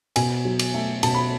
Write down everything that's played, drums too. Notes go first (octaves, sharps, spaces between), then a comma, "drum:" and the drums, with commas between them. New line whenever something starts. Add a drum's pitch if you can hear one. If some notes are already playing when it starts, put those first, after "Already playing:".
B2 G#5, drum: cymbal
F#3
drum: cymbal
A3
B2 A5, drum: cymbal
B5